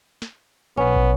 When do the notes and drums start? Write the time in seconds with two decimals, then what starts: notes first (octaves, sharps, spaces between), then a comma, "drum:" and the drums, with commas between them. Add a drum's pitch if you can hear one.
0.22 drum: snare
0.77 B1 B3 C#4
0.96 drum: kick